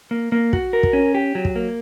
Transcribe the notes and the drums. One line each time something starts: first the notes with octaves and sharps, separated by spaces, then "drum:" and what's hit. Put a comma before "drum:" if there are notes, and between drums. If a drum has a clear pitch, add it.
A#3
A#3
F#4, drum: kick
A#4
drum: kick
C#4
G4
F#3
drum: kick
A#3